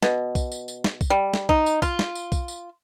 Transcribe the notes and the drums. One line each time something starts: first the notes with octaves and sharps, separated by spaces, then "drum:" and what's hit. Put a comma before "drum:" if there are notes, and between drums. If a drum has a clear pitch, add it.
B2, drum: snare
drum: kick B1, tambourine
drum: tambourine
drum: tambourine
drum: snare
drum: kick B1, tambourine
G3
drum: snare
D#4, drum: kick B1
drum: tambourine
F4, drum: kick B1, tambourine
drum: snare
drum: tambourine
drum: kick B1, tambourine
drum: tambourine